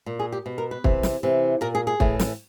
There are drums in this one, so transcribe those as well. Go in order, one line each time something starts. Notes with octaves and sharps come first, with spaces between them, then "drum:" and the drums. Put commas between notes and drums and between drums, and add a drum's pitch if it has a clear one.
A#2
G#4
G4
B2
A#4
B4
C3 E3, drum: kick
drum: snare
C3 E3
A#2 A#4
G#4
G#4
A2 E3, drum: kick
drum: snare